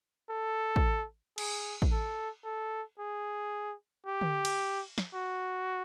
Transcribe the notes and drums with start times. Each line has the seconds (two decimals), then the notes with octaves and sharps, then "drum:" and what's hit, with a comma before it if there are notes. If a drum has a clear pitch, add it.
0.30 A4
0.76 drum: kick
1.38 G#4, drum: cymbal
1.82 drum: kick
1.92 A4
2.45 A4
2.99 G#4
4.07 G4
4.21 drum: tom D3
4.45 drum: cymbal
4.98 drum: snare
5.14 F#4